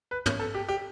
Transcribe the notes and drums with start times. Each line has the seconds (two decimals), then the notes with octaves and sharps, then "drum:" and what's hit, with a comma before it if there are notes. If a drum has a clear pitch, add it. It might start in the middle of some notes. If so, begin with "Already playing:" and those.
0.11 B4
0.26 C#5, drum: tom
0.39 A4
0.55 G4
0.69 G4